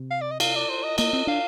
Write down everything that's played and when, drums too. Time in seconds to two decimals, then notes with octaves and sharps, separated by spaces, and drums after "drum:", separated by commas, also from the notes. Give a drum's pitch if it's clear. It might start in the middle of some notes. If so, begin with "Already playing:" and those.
Already playing: C3
0.11 F5
0.21 D5
0.31 D#5
0.40 F5, drum: cymbal
0.55 D5
0.70 C5
0.83 D#5
0.98 A#3 D#5, drum: cymbal
1.13 C4
1.27 D4 F5